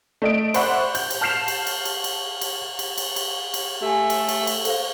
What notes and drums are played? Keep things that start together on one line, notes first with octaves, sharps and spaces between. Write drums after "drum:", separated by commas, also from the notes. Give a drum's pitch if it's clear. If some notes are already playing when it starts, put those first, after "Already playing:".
A3 D#5 D7
C5 D5 E5 F#5 B5 C#6, drum: cymbal
G6, drum: cymbal
drum: cymbal
A5 F6 G6 C7 E7 F7
drum: cymbal
drum: cymbal
drum: cymbal
drum: cymbal
drum: cymbal
drum: cymbal
drum: cymbal
drum: cymbal
drum: cymbal
A3 G4 G#5
drum: cymbal
drum: cymbal
drum: cymbal
A4 C5 F5, drum: cymbal